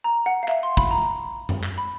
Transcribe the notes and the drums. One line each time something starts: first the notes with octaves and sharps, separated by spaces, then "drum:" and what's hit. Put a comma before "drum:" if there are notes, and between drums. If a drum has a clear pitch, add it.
A#5
F#5
F5
E5, drum: clap
C6
B5, drum: kick
A#5
drum: tom F#2
drum: clap
B5